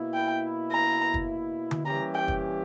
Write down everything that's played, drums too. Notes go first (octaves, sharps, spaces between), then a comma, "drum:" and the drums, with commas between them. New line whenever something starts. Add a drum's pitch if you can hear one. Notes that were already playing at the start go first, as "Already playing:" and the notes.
Already playing: B2 A#3 E4
G5
A#5
drum: kick
drum: tom D3
E3 G3 A#3 C#4 G4 A#5
G5
drum: kick